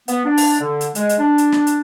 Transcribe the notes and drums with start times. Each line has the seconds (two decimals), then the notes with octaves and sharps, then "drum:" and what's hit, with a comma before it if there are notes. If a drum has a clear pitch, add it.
0.08 B3, drum: hi-hat
0.25 D4
0.38 drum: open hi-hat
0.60 D3
0.81 drum: hi-hat
0.95 G#3, drum: hi-hat
1.09 drum: hi-hat
1.19 D4
1.38 drum: hi-hat
1.52 drum: snare
1.67 drum: hi-hat